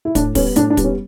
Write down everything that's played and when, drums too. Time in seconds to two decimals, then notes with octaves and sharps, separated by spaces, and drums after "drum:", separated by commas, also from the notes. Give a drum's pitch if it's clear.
0.05 E4
0.15 A2 D4, drum: kick, hi-hat
0.35 G3 B3 C#4, drum: kick, open hi-hat
0.56 A2 D4, drum: hi-hat
0.70 D4
0.77 G3 B3, drum: kick, hi-hat
0.84 C#4